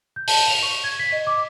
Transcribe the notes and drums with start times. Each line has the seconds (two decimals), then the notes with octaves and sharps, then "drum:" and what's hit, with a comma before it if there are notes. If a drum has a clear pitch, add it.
0.16 G6
0.28 A5, drum: open hi-hat
0.48 F7
0.63 C#6
0.84 G#6
0.99 B6
1.12 D#5
1.27 D6